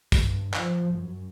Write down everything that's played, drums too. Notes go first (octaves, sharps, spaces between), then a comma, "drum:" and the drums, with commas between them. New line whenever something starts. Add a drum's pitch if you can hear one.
G2, drum: kick, tambourine
F3, drum: clap
F#2